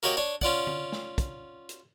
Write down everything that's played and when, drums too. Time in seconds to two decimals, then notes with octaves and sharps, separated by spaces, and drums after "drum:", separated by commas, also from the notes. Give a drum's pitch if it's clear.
0.03 A#3 F#4 G4 C#5 D#5
0.17 D4 C#5
0.41 C#4 F4 D5 F#5, drum: kick
0.67 drum: tom
0.92 drum: snare
1.18 drum: kick, hi-hat
1.69 drum: hi-hat